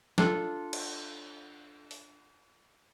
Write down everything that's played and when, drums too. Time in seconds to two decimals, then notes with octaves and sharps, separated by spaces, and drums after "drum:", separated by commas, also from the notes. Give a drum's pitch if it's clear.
0.18 D4 F4 A4, drum: snare
0.73 drum: cymbal
1.91 drum: open hi-hat